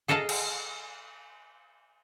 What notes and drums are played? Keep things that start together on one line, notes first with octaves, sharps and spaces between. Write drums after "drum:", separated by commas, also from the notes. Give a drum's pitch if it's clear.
G#4 A4 D#5 F5 A5 A#5
drum: cymbal